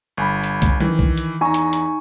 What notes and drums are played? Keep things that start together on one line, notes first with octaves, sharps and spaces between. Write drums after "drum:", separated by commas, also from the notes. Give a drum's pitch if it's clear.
G1 G#5 B5
drum: hi-hat
drum: kick C2, hi-hat
D#3 E3, drum: tom F3
drum: kick C2
drum: hi-hat
E2 D#4 G#5 A#5 C#6
drum: hi-hat
drum: hi-hat